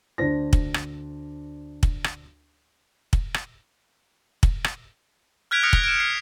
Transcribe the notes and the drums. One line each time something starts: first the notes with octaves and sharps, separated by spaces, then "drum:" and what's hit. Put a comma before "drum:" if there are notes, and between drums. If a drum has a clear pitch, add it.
D2 D4 C5 A#6
drum: kick
drum: rim click
drum: kick
drum: rim click
drum: kick
drum: rim click
drum: kick
drum: rim click
F6 F#6 G#6 B6 D7 F7
D#6 F6 F#6 A#6 C#7 F7
drum: kick
D7 E7
F#6 C7 F7